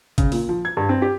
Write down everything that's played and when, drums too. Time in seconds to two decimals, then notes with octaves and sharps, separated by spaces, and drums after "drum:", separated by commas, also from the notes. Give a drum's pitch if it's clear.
0.18 C#3, drum: kick G#1, hi-hat
0.32 A#2, drum: open hi-hat
0.49 F3
0.65 G#6
0.77 G2
0.89 C4
1.02 G4